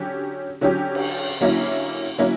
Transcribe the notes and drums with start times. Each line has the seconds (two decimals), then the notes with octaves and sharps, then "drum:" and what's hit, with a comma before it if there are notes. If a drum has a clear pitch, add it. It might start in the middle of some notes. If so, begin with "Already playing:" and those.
Already playing: D3 F#3 C#4 G4
0.61 D3 F#3 C#4 G4
0.95 drum: cymbal
1.41 D3 F#3 A#3 C#4 E4
2.18 D3 F#3 A#3 C#4 E4